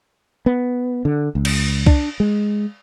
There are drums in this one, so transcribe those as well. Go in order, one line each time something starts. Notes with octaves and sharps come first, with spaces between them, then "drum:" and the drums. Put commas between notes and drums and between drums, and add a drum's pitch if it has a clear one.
B3
D3
C#2
drum: cymbal
D4, drum: kick C2
G#3